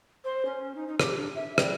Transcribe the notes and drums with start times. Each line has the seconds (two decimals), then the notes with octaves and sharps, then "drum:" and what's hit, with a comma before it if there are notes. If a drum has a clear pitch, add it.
0.25 C5
0.45 C#4
0.75 D#4
0.87 D#4
1.00 G4, drum: rim click
1.16 D4
1.35 E5
1.58 G3, drum: rim click